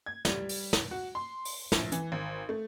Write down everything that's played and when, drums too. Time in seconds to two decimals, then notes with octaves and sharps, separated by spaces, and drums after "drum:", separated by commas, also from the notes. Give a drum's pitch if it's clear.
0.06 G#6
0.25 G3, drum: snare
0.49 drum: open hi-hat
0.73 drum: snare
0.91 F#4
1.15 C6
1.45 drum: open hi-hat
1.72 A#1, drum: snare
1.92 E3, drum: hi-hat
2.12 G#1
2.49 A3